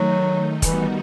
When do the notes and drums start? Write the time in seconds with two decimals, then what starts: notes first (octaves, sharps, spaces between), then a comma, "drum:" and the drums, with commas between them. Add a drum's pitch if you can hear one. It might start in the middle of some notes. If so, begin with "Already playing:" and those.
Already playing: D#3 F#3 A3 D#4
0.62 D#3 E3 G3 B3 D#4 F#4, drum: kick, hi-hat